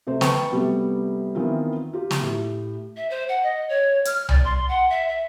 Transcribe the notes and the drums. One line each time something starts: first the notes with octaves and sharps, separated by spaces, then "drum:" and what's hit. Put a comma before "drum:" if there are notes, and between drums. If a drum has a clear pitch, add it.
C3 A3 C5
B4 G5 A5 C#6, drum: snare
C3 G3 A3 B3
D#3 E3 B3 C4 F4
F4 G4
drum: snare
A2 G4
E5
C5
F#5
D#5
C#5
F6, drum: hi-hat
D5, drum: tom C2
C6
F#5
E5
E5